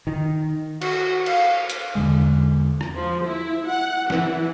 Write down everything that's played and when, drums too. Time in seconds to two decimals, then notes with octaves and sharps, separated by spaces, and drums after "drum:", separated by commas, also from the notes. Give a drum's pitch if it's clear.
0.07 D#3
0.82 F#4, drum: cymbal
1.26 F5, drum: cymbal
1.70 drum: hi-hat
1.95 E2 D3 G#3
2.81 drum: rim click
2.95 F3
3.25 E4
3.67 F#5
4.10 E3, drum: snare